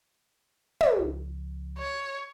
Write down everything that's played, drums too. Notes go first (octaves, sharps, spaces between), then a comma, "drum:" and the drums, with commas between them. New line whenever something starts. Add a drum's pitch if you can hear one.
drum: tom
C#2 F3
C#5